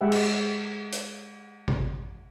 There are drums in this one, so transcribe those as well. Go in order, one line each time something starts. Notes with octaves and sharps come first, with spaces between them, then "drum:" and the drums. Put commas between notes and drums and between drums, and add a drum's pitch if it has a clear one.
G#3 G4 E5 F#5 G5
drum: cymbal
drum: hi-hat
drum: kick G#1